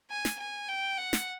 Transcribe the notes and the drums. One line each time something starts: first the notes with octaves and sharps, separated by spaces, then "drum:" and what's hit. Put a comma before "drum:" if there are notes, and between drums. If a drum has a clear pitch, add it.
G#5
drum: snare
G#5
G5
F#5
drum: snare